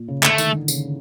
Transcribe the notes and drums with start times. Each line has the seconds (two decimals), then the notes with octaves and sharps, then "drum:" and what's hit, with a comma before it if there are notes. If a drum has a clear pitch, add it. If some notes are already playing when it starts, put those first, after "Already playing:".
Already playing: A#2
0.08 C#3
0.23 D3 A3, drum: clap
0.38 D#3, drum: tambourine
0.53 D3
0.68 C#3, drum: tambourine